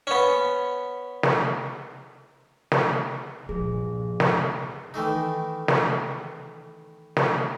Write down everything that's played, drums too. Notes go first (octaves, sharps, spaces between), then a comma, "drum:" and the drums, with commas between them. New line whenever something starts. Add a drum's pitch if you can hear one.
B3 C#4
drum: snare
drum: snare
A#1 E2 G2 F3 G#4
drum: snare
D#3 E3 A3 D#4
drum: snare
drum: snare